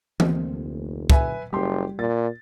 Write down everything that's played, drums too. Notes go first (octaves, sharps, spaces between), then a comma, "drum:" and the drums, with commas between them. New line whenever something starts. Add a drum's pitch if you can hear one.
D2 A#3 C4, drum: tom E3
F1
B4 E5 G#5, drum: kick
F#1 G3 G4 C6
A#2 A6